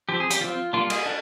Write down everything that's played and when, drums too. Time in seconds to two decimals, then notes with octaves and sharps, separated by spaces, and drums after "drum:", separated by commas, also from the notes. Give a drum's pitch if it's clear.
0.09 F3 C4 G4
0.20 G#4
0.30 G4, drum: hi-hat
0.41 F3 C4 F4
0.73 G3 A#3 D4 F4
0.90 G#4, drum: cymbal
1.06 D4